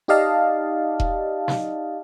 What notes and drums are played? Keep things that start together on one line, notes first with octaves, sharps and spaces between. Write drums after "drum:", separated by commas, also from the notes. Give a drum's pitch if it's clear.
D#4 G4 D5 D#5 F5 A5
drum: kick E1
drum: snare